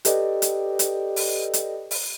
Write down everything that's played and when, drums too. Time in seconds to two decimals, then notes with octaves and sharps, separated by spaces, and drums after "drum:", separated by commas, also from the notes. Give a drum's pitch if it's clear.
0.05 G4 A4 B4 D5 D#5 G5, drum: hi-hat
0.42 drum: hi-hat
0.79 drum: hi-hat
1.16 drum: open hi-hat
1.54 drum: hi-hat
1.91 drum: open hi-hat